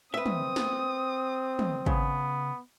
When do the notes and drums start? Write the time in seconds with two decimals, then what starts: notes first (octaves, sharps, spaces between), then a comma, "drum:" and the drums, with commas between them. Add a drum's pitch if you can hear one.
0.14 C4 B4 E5 D#6
0.26 drum: tom
0.56 drum: snare
1.59 drum: tom
1.86 C#3 B3, drum: kick